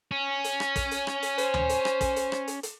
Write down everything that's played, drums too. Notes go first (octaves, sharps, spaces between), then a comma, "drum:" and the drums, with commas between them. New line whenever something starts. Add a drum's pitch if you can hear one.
C#4
drum: hi-hat
drum: rim click
drum: kick, hi-hat
drum: hi-hat
drum: rim click
drum: hi-hat
C5, drum: hi-hat
drum: tom D2
drum: hi-hat
drum: rim click
drum: kick, hi-hat
drum: hi-hat
drum: rim click
drum: hi-hat
drum: hi-hat